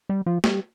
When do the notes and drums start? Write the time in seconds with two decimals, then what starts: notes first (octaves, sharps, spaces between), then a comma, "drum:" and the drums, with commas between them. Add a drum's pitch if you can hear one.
0.09 G3
0.26 F3
0.44 G3, drum: snare